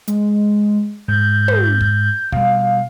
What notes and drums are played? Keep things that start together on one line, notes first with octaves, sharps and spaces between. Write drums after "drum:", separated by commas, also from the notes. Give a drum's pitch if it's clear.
G#3, drum: hi-hat
G#2 G6
drum: tom
drum: kick
B2 G3 F5, drum: kick